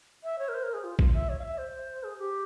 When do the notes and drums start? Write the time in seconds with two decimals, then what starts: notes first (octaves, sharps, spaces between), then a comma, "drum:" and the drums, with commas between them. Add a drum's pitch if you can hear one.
0.24 E5
0.39 C#5
0.49 A#4
0.54 C5
0.63 A#4
0.74 G#4
0.84 F4
0.99 F4, drum: kick A#1
1.14 E5
1.29 C#5
1.39 F5
1.43 E5
1.58 C5
2.04 G#4
2.18 G4